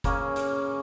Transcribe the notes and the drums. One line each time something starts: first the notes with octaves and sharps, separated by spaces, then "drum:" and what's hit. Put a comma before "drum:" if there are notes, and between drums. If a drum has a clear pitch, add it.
C#3 A#3 C#4 G#4, drum: kick F1, hi-hat
drum: hi-hat